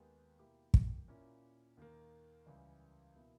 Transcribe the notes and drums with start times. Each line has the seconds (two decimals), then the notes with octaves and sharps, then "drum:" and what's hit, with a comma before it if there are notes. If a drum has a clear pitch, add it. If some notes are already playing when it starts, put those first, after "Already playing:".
Already playing: D#2 D#3 G#3 B3 G4
0.39 B2 A#3 E4 G4
0.74 drum: kick
1.08 A#2 A#3 C#4 E4
1.77 D#2 D#3 A#3
2.46 C#2 C#3 E3 G3
3.15 B2 A#3 E4